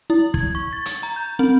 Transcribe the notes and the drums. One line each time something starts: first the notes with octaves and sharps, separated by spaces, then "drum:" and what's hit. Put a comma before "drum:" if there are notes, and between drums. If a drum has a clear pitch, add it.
E4
G#6, drum: kick
C#6
A6
drum: hi-hat
A#5
G6
C4